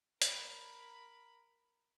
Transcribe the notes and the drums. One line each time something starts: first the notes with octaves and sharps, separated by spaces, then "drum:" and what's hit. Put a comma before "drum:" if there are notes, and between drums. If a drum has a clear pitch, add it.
A#4 B5, drum: hi-hat